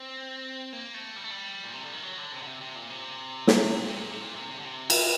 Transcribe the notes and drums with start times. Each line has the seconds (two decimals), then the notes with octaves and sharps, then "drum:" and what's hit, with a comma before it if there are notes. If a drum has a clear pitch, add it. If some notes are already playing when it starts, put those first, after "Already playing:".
Already playing: C4
0.73 A#3
0.94 A3
1.16 G3
1.24 A3
1.31 G3
1.64 A#2
1.73 C3
1.83 D3
1.93 D#3
2.03 F#3
2.18 D3
2.33 C3
2.43 D3
2.47 C3
2.61 C3
2.76 A#2
2.90 C3
3.47 drum: snare
3.78 A#2
3.89 C3
3.99 A#2
4.10 C3
4.21 A#2
4.35 C3
4.50 C3
4.59 D3
4.65 C3
4.90 drum: cymbal